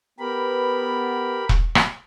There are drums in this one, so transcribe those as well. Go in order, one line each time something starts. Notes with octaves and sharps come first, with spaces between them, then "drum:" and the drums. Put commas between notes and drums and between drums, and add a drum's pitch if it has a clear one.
B3 G4 A#4 B5
drum: kick E1
drum: rim click